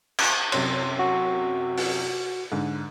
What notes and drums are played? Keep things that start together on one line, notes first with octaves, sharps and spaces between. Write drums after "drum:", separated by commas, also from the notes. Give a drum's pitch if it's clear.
drum: cymbal
F#2 C3 C6, drum: cymbal
F#4
drum: open hi-hat
G#2 D3